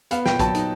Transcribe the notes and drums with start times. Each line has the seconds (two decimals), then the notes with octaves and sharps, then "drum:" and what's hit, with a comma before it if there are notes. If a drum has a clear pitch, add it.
0.11 B3 F5, drum: hi-hat
0.26 A#2 G5, drum: snare
0.39 F#3 A5, drum: kick A#1, hi-hat
0.55 D#4, drum: hi-hat